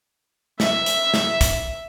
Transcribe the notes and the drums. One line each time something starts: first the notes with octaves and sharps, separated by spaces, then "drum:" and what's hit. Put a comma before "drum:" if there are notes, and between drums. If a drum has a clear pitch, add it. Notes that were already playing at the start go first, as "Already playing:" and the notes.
E5, drum: snare
drum: hi-hat
drum: snare
drum: kick, hi-hat